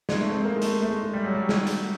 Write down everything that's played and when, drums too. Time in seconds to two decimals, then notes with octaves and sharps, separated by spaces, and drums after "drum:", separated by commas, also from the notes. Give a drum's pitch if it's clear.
0.09 G#3, drum: snare
0.21 A3
0.32 C4
0.44 A#3
0.56 G#3
0.62 A3, drum: hi-hat
0.82 A3
0.91 G#3
1.03 G#3
1.13 G3
1.24 F#3
1.35 G3
1.49 drum: snare
1.67 drum: hi-hat